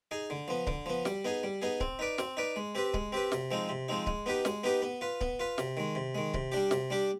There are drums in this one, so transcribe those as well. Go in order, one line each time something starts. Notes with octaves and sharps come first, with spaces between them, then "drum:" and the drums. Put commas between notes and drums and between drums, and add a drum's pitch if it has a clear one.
D#4 G#4
D3
F3 B3
D3, drum: kick C#1
F3 B3
G3, drum: snare
B3 D#4 G#4
G3
B3 D#4 G#4
C4, drum: kick C#1
D#4 B4 D5
C4, drum: snare
D#4 B4 D5
G#3
C4 G4 B4
G#3, drum: kick C#1
C4 G4 B4
C3, drum: snare
F3 G#3 C4 D#4
C3
F3 G#3 C4 D#4
G#3, drum: kick C#1
B3 D#4 G4 B4
G#3, drum: snare
B3 D#4 G4 B4
B3
F4 B4
B3, drum: kick C#1
F4 B4
C3, drum: snare
D#3 G#3
C3
D#3 G#3
C3, drum: kick C#1
G3 D4 G4
C3, drum: snare
G3 D4 G4